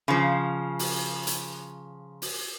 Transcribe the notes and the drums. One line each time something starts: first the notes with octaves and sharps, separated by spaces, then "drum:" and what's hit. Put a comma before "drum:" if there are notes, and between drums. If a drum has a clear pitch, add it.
C#3 F3
drum: open hi-hat
drum: hi-hat
drum: open hi-hat